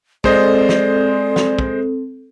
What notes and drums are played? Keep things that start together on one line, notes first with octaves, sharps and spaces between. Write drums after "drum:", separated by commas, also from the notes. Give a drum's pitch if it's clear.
G#3 C4 A4 C5 D5 D#5, drum: kick
drum: snare
drum: snare
drum: kick